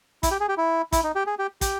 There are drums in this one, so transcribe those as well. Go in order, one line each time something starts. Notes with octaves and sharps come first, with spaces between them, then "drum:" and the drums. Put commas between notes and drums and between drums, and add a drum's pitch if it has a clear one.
E4, drum: kick, hi-hat
G4
G#4
G4
E4
E4, drum: kick, hi-hat
D#4
G4
G#4
G4
G4, drum: kick, hi-hat